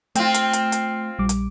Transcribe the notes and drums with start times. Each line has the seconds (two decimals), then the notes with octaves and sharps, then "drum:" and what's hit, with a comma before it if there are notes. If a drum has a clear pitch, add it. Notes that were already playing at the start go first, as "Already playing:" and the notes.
0.15 A3 C4 F4, drum: hi-hat
0.34 drum: hi-hat
0.53 drum: hi-hat
0.72 drum: hi-hat
1.19 A#1 G3 D6
1.29 drum: hi-hat